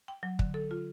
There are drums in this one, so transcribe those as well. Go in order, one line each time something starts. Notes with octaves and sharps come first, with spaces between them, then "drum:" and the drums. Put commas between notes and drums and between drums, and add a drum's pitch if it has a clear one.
G5
F#3
D3, drum: kick
A4
F4